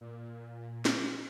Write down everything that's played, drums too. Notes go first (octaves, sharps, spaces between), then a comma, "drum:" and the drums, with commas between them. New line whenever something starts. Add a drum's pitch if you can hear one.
A#2
drum: snare